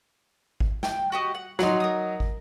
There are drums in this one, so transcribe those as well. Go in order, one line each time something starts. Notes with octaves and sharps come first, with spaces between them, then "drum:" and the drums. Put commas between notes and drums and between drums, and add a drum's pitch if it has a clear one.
drum: kick
G5, drum: snare
F#4 G4 D#5
F#5
F#3 D#4 F#5 C6, drum: snare
A#4 D#6
drum: kick